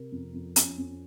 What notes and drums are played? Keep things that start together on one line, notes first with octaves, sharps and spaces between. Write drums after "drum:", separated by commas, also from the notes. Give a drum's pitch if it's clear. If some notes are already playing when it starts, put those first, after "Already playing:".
Already playing: C3 A#4
F2
F2
F2 C#4, drum: hi-hat
F2